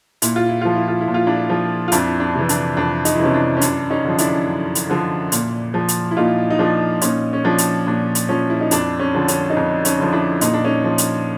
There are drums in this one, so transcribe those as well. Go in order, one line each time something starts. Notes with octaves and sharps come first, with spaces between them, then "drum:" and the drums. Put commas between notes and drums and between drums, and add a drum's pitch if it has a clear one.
A#2 E4, drum: hi-hat
F4
E4
F3 F4
E4
F4
E4
A#2
F4
D4 E4
F3
F4
F2 D4 E4, drum: hi-hat
D4
C3 E3
D4, drum: hi-hat
F2 D4
D#4, drum: hi-hat
E4
C3 E3 C#4 D#4
D4
C#4
F#2 D4, drum: hi-hat
C#4 D#4
D3 F3
D4 E4, drum: hi-hat
F#2
drum: hi-hat
D3 F3
A#2, drum: hi-hat
F3
drum: hi-hat
E4
A#2 D#4 F4
D#4
F3 D4
A#2 C#4 D#4, drum: hi-hat
C#4
F3 D4
drum: hi-hat
A#2 D4
drum: hi-hat
F3 C#4
E4
D#4
F2 D4, drum: hi-hat
C#4
D3 F3
C#4, drum: hi-hat
D#4
F2 D4
C#4 D#4, drum: hi-hat
D3 F3
D4 E4
A#2 D#4, drum: hi-hat
D4
C#4 D#4
F3
drum: hi-hat